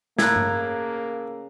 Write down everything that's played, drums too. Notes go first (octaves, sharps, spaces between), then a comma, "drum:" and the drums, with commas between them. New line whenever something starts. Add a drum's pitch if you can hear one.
A2 C#3 A#3 A#5 F#6 G#6, drum: snare
drum: tom G2